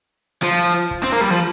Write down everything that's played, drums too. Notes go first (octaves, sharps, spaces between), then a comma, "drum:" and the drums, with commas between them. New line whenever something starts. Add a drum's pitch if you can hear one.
F3, drum: hi-hat
drum: hi-hat
drum: kick
C4
A#3, drum: open hi-hat
G3
F3